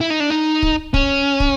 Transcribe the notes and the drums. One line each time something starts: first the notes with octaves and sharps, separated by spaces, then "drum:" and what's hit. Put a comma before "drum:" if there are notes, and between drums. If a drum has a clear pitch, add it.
E4
D#4
D4
D#4
drum: kick
C#4, drum: kick
drum: kick